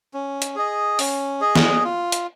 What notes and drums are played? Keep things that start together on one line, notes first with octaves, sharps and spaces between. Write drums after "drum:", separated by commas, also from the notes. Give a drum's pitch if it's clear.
C#4
drum: hi-hat
G#4 D#5
C#4, drum: open hi-hat
G#4 D#5
drum: snare
F4
drum: hi-hat